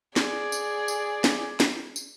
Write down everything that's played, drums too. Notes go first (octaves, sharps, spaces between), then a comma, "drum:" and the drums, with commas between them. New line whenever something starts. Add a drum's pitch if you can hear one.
G#4 D5, drum: snare
drum: tambourine
drum: tambourine
drum: snare
drum: snare
drum: tambourine